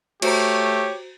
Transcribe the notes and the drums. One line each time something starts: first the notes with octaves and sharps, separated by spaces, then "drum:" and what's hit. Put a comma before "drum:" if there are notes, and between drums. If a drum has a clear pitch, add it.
A3 F#4 G4 C5 C#5 A#5, drum: cymbal